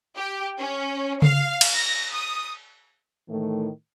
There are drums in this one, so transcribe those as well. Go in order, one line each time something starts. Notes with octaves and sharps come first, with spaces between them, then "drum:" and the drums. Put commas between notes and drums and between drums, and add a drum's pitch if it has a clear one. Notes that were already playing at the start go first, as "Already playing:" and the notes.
G4
C#4
F5, drum: tom C#3
drum: cymbal
A#6
D#6
A2 D#3 E3 A3